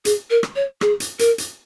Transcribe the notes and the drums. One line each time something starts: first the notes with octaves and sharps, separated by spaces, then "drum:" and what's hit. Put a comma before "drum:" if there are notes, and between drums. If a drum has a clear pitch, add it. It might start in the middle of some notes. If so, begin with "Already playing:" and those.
G#4, drum: hi-hat
A#4
drum: rim click
C#5
G#4, drum: rim click
drum: hi-hat
A#4, drum: hi-hat
drum: hi-hat